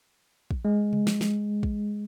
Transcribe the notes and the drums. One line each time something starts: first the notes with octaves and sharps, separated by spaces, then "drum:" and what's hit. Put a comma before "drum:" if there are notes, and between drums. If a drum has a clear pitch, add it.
drum: kick
G#3
drum: tom C3
drum: snare
drum: snare
drum: kick